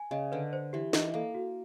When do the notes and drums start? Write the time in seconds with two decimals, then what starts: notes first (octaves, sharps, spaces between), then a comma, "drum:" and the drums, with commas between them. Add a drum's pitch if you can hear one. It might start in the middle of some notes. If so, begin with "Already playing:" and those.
Already playing: G#5
0.11 C#3 D#5
0.32 D3 B4
0.53 C5
0.73 E3 G4
0.93 E3 D#5, drum: snare
1.14 A#3 A4
1.35 F#4